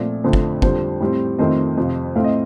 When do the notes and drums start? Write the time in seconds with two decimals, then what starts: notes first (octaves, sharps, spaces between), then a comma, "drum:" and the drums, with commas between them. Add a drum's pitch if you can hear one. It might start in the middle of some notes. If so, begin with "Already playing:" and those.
Already playing: A#2 F3 A3 C4 D5
0.24 F2 D3 A3 C4 C5
0.33 drum: kick
0.62 F2 D3 G3 C5, drum: kick
1.01 A2 G3 C4
1.39 F2 D#3 A3 C4 C5 D#5
1.77 F2 C3 F3
2.15 A2 A3 C4 F5
2.24 D#5